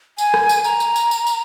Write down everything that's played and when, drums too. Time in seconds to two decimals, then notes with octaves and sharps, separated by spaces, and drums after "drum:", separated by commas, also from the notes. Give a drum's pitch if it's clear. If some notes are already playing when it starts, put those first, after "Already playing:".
0.18 G#5, drum: tambourine
0.34 drum: rim click
0.49 drum: tambourine
0.64 A#5, drum: tambourine
0.80 drum: tambourine
0.96 drum: tambourine
1.11 drum: tambourine
1.27 drum: tambourine